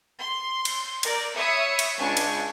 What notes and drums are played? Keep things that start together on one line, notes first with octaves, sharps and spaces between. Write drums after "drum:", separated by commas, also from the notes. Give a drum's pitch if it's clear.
C6
drum: cymbal
A#4 D5, drum: cymbal
C#5 E5 B5 D#6 E6 C#7
drum: cymbal
C#2 D4 G#5 C#6
drum: cymbal